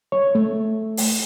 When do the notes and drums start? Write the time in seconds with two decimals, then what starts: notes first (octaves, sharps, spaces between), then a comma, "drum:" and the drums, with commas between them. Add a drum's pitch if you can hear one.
0.12 C#5
0.35 A3
0.97 drum: open hi-hat